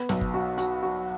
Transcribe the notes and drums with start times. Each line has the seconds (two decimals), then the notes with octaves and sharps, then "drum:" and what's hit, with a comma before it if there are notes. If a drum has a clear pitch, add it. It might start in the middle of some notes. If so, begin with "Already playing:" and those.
Already playing: B3
0.09 B1, drum: snare
0.21 drum: kick G1
0.34 F#4
0.58 F#4, drum: hi-hat
0.83 F#4